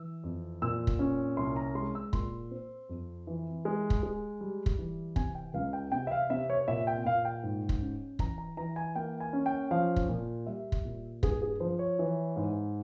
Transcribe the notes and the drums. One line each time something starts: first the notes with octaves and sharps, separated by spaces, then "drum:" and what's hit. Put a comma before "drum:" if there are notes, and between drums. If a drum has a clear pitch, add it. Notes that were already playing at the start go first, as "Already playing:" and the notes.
Already playing: E3 E6
F2
A#2 E6
drum: kick
C#4
C2 C6
A#5
G#3 C6
E6
A#2 C6, drum: kick
C4
F2
E3
G#3
drum: kick
G#3
G3
drum: kick
E3
C3 G#5, drum: kick
G5
C#2 F5
G5
C3 G5
E5
F5
C3 E5
C#5
C#5
A#2 E5
G5
A#2 F5
G5
G#2
drum: kick
C#4
E3 A#5, drum: kick
A#5
E3 A#5
G#5
A#3 G5
G#5
C#4
G5
F3 F5
drum: kick
A#2
G3 E5
drum: kick
A#2
G2 G#4, drum: kick
G#4
F3 C5
C#5
E3
G#2